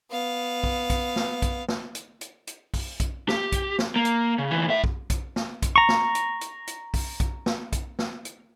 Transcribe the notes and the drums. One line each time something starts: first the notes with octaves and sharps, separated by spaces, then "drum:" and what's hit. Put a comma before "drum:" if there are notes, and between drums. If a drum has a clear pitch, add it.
B3 F5
drum: kick B1
drum: kick B1, hi-hat
drum: snare
drum: kick B1, hi-hat
drum: snare
drum: hi-hat
drum: hi-hat
drum: hi-hat
drum: kick B1, open hi-hat
drum: kick B1, hi-hat
G4, drum: snare
drum: kick B1, hi-hat
drum: snare
A#3
drum: hi-hat
C#3
D2 E3
A2 E5
drum: kick B1
drum: kick B1, hi-hat
drum: snare
drum: kick B1, hi-hat
A#5 C#6
drum: snare
drum: hi-hat
drum: hi-hat
drum: hi-hat
drum: kick B1, open hi-hat
drum: kick B1, hi-hat
drum: snare
drum: kick B1, hi-hat
drum: snare
drum: hi-hat